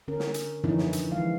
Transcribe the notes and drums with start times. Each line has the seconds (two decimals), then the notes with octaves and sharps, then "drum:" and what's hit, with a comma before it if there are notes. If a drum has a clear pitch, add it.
0.08 D3 C#4 A#4
0.19 drum: snare
0.34 drum: hi-hat
0.63 D3 E3 F3 C#4 D#4 E4, drum: tom F#2
0.78 drum: snare
0.93 drum: hi-hat
1.11 E3 F3 G#3 F5